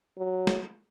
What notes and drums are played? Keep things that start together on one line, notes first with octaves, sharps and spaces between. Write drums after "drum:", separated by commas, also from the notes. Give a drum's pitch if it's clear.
F#3
drum: snare